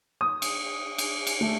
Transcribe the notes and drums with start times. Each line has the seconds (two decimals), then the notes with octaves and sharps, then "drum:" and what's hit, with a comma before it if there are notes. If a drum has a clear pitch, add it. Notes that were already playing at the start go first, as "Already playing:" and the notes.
0.21 D#6
0.42 drum: cymbal
0.98 drum: cymbal
1.27 drum: cymbal
1.41 A3